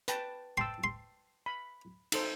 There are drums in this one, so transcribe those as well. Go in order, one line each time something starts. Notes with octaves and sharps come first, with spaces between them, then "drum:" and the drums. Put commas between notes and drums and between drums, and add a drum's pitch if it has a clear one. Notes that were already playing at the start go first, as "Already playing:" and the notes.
B4 G5 A5, drum: hi-hat
G5 A5 C6 E6
C6
B5
D#4 A4 C5, drum: cymbal